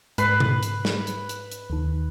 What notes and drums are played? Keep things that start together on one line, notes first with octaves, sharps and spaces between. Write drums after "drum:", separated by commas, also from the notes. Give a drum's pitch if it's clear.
G#2 B4 F#6 C7, drum: hi-hat
drum: tom B2
drum: hi-hat
drum: snare
drum: hi-hat
drum: hi-hat
drum: hi-hat
D#2 D#3